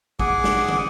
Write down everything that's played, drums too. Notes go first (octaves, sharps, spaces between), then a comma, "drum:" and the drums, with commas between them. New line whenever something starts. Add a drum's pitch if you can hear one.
G#4 F#5 G#5 D6, drum: kick G#1
drum: snare
drum: tom